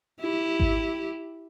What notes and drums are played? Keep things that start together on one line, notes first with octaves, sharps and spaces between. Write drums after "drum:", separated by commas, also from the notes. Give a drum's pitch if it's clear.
E4 G4
drum: kick G#1